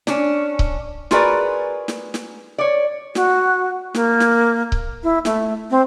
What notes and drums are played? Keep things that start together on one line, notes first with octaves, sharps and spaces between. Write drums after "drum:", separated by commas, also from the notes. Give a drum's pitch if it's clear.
C#4 D4, drum: snare
drum: kick C#1
F4 F#4 G#4 A#4 B4 D5, drum: snare
drum: snare
drum: snare
C#5 D5
F#4, drum: snare
A#3, drum: snare
drum: snare
drum: kick C#1
E4
A3, drum: snare
C4